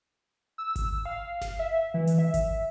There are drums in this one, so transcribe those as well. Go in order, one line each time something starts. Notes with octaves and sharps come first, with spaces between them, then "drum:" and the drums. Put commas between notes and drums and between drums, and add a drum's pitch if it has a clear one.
E6
drum: kick G#1, hi-hat
F5
drum: snare G1
E5
E3
drum: hi-hat
E5
drum: kick G#1, hi-hat